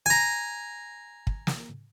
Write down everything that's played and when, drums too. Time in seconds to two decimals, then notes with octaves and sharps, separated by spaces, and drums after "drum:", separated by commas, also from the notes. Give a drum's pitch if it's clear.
0.06 G#5 A#5
1.27 drum: kick
1.47 drum: snare